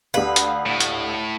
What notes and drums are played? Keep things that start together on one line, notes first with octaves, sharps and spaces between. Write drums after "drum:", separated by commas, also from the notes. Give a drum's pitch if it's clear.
D2 G4 B4 F5
drum: hi-hat
A2
drum: hi-hat